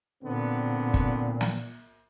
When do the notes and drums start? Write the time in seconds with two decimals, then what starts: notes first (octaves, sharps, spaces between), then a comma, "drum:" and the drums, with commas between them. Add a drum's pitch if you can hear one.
0.24 A#2 D3 B3 C4
0.94 drum: kick
1.41 drum: snare